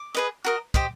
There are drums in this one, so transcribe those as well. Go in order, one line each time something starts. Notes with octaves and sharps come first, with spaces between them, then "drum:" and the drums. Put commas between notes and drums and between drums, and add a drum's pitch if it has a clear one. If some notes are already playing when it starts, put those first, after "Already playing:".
Already playing: D6
G#4 B4 D#5
F#4 A#4 D#5
G4 C5 D#5, drum: kick